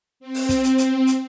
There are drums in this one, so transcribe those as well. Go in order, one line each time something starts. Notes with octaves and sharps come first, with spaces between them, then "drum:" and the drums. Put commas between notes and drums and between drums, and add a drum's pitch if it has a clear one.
C4
drum: open hi-hat
drum: kick, hi-hat
drum: hi-hat
drum: hi-hat
drum: hi-hat